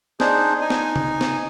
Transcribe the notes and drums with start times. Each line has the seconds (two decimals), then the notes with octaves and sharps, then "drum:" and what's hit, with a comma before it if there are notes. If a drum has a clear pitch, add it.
0.20 D4 D#4 G#4 C5, drum: snare
0.61 D#4 G#5
0.70 drum: snare
0.96 drum: tom C3
1.21 drum: snare